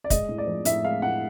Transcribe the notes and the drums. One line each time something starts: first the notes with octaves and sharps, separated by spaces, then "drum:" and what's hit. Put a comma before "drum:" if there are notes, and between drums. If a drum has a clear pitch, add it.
D5
G#3 D#5, drum: kick, hi-hat
A2
D5
F3
A2 E5, drum: hi-hat
G#3 F5
A2 F#5